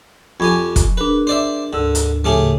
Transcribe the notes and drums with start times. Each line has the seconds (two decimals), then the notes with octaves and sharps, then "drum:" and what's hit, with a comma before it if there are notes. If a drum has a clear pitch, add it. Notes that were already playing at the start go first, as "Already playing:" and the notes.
0.40 F2 G4 G#5 B5 C#6 G#6
0.76 drum: kick, hi-hat
0.97 D4 G#4 A#4 B4
1.27 C5 D5 E5
1.73 D2 G#2 D3 E6
1.95 drum: hi-hat
2.24 A2 C#3 F3 A3 G4 G#4